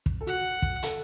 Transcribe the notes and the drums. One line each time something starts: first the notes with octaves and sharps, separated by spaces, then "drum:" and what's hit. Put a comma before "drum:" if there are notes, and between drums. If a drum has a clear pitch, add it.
drum: kick
A4
F#4 F#5
drum: kick
A4, drum: hi-hat